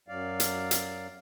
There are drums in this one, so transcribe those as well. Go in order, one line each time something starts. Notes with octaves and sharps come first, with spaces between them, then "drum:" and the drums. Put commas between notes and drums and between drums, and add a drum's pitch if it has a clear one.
F#2 F#3 D5 F5
drum: hi-hat
drum: hi-hat